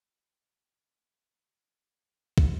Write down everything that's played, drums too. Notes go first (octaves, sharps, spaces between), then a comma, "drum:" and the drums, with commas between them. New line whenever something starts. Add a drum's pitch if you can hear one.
B5
G5
D#5
F5
G5
B5
C6
B5
C6
D6
D#6
drum: kick